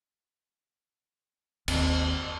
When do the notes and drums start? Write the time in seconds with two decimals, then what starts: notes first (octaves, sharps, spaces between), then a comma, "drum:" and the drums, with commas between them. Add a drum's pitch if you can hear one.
1.68 G1 D#2 C4, drum: cymbal